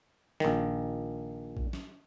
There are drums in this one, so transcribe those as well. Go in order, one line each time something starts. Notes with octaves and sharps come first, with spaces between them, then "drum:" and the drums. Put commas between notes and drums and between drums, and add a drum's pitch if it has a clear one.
A#1 D#3, drum: snare
drum: kick A#1
drum: snare